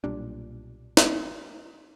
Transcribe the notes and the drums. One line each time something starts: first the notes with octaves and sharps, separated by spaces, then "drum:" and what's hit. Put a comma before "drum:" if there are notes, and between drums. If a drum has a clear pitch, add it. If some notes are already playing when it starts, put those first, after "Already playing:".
B1 A#2 G3 D4
drum: snare